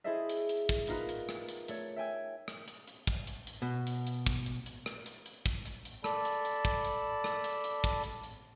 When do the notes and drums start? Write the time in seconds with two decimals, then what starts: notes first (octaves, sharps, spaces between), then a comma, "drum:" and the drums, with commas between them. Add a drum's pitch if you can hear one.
0.04 E4 G#4 A4 C5 D#5 E5
0.29 drum: hi-hat
0.49 drum: hi-hat
0.69 drum: kick, hi-hat
0.87 B3 D#4 F4 A#4 B4, drum: hi-hat
1.09 drum: hi-hat
1.29 drum: rim click
1.49 drum: hi-hat
1.68 A3 A4 C#5, drum: hi-hat
1.96 E5 G5 G#5 E6
2.48 drum: rim click
2.68 drum: hi-hat
2.88 drum: hi-hat
3.07 drum: kick, hi-hat
3.27 drum: hi-hat
3.47 drum: hi-hat
3.62 B2
3.87 drum: hi-hat
4.07 drum: hi-hat
4.27 drum: kick, hi-hat
4.46 drum: hi-hat
4.66 drum: hi-hat
4.86 drum: rim click
5.06 drum: hi-hat
5.26 drum: hi-hat
5.46 drum: kick, hi-hat
5.65 drum: hi-hat
5.85 drum: hi-hat
6.04 A4 D5 A5 B5, drum: rim click
6.25 drum: hi-hat
6.45 drum: hi-hat
6.65 drum: kick
6.85 drum: hi-hat
7.24 drum: rim click
7.44 drum: hi-hat
7.64 drum: hi-hat
7.84 drum: kick, hi-hat
8.04 drum: hi-hat
8.24 drum: hi-hat